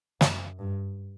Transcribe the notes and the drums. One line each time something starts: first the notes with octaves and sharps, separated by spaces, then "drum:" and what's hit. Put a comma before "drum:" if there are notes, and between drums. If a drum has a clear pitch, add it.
F#2, drum: snare
G2